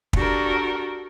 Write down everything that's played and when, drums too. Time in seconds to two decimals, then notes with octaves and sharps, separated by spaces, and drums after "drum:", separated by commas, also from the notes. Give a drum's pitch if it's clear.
0.13 D4 F#4 G4 A4 A#4, drum: kick